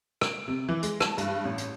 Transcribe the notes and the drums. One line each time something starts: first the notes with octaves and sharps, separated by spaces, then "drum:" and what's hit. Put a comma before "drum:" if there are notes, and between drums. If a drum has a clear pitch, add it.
D7, drum: rim click
C3
E3
G#3, drum: hi-hat
A5, drum: rim click
G2, drum: hi-hat
A1
drum: hi-hat